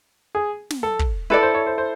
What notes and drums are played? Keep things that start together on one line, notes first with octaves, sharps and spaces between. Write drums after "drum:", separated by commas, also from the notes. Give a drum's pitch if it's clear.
G#4
drum: snare
A4
drum: kick
E4 A4 B4 D5
C5
C#5
C5
C5